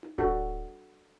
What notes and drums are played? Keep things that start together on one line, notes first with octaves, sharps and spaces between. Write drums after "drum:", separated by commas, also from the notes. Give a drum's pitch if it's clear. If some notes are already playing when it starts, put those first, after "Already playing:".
drum: tom D#4
D4 F#4 A4, drum: kick D1